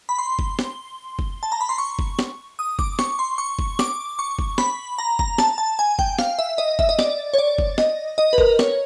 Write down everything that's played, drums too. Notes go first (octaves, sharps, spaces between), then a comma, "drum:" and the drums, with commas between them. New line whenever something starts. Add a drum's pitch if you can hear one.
B5
C6
drum: kick F#1
drum: snare
drum: kick F#1
A5
A#5
B5
C6
C#6
drum: kick F#1
drum: snare
D#6
D6, drum: kick F#1
C#6, drum: snare
C6
C#6
drum: kick F#1
D6, drum: snare
C#6
drum: kick F#1
B5, drum: snare
A#5
A#5, drum: kick F#1
A5, drum: snare
A5
G#5
G5, drum: kick F#1
F5, drum: snare
E5
D#5
E5, drum: kick F#1
D#5
D5, drum: snare
C#5
D5
drum: kick F#1
D#5, drum: snare
D#5
B4
A#4, drum: kick F#1
C#5, drum: snare